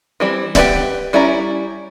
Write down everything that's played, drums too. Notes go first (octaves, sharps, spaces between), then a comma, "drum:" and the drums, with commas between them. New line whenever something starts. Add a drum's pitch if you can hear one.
E3 G3 C4
G4 B4 D5 E5 F#5, drum: snare D1
G3 C#4 E4 D5 A#5